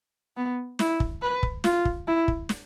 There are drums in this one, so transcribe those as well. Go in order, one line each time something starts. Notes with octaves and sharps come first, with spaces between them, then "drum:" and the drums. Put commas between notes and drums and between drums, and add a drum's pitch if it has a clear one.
B3
E4, drum: snare
drum: kick
B4
drum: kick
F4, drum: snare
drum: kick
E4
drum: kick
drum: snare